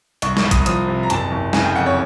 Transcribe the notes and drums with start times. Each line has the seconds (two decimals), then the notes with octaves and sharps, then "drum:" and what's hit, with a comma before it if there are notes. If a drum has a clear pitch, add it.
0.22 C2 C#6, drum: hi-hat
0.37 C#6, drum: snare
0.44 C2
0.51 D#6, drum: kick A1, hi-hat
0.66 F3 D#6, drum: hi-hat
0.88 C3
1.03 A#5
1.10 F#1 A5, drum: hi-hat
1.32 F#1
1.53 C#3 G#5, drum: snare
1.64 G5
1.75 F2 F#5
1.86 C#5